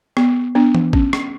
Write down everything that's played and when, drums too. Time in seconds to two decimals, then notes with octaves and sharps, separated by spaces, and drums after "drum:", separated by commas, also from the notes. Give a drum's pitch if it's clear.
0.17 B3, drum: rim click
0.55 B3 D4
0.75 drum: tom E3
0.93 C#4, drum: kick A1
1.13 drum: rim click